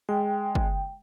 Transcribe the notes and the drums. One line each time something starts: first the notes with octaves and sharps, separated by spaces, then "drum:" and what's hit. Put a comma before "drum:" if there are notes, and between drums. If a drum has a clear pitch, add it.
G#3 G5
drum: kick